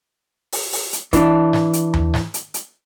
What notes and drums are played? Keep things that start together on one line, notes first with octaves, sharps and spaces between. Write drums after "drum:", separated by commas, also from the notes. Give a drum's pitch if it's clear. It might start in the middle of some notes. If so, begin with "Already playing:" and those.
drum: open hi-hat
drum: open hi-hat
drum: hi-hat
E3 D4, drum: kick, hi-hat
drum: snare G#2
drum: hi-hat
drum: tom D#2
drum: snare G#2
drum: hi-hat
drum: hi-hat